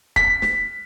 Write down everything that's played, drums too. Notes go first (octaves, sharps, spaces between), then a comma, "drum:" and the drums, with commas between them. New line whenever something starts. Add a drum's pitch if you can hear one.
B6, drum: kick
drum: snare